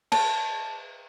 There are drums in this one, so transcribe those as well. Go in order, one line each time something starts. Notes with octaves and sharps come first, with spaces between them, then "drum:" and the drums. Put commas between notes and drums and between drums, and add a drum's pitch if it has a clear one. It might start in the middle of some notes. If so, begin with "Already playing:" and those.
A5, drum: cymbal